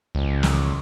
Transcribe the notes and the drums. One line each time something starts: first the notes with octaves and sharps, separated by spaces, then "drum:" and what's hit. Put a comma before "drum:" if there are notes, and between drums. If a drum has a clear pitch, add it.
C#2
drum: snare